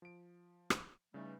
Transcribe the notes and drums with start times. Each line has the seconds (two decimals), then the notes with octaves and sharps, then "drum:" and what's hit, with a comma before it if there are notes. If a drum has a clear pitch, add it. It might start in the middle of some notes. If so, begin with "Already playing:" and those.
0.02 F3 D7
0.70 drum: rim click
1.14 C#3 E3 G3 A3 D#4